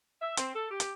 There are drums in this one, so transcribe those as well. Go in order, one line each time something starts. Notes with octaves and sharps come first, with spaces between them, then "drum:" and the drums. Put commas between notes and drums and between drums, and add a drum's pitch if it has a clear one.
E5
C4, drum: hi-hat
A4
G4
drum: hi-hat